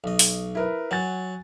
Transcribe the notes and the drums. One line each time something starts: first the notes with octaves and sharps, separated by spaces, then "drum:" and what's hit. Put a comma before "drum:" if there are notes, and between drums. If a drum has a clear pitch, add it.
B1 D#5
drum: open hi-hat
E4 A#4 B4
F#3 F#5 G#5 A6